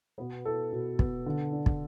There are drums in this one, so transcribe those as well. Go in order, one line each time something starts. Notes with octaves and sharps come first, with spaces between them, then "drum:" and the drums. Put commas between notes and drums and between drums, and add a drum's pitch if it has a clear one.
B2 B3 B4
E4 A4
B2
B3, drum: kick
D3
D4
drum: kick